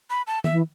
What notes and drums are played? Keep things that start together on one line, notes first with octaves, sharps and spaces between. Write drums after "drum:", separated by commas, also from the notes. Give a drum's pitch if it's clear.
B5
A5
E5, drum: tom D#3
E3